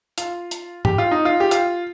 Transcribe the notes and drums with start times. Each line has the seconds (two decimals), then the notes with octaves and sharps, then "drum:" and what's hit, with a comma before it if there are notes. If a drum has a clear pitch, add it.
0.18 F4, drum: hi-hat
0.51 drum: hi-hat
0.85 G4, drum: tom
0.98 F4
1.11 D#4
1.25 F4
1.40 G4
1.51 F4, drum: hi-hat